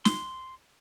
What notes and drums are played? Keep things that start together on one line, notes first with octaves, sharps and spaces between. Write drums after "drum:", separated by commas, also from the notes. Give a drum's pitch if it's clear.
C6, drum: snare